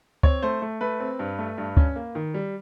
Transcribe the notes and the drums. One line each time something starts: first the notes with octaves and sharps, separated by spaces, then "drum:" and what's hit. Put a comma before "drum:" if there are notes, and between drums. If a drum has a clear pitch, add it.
C4 C#5, drum: kick
A3 C5
A3
A3 B4
C4
G2
A3
G2
C#4, drum: kick
A#3
D#3
G3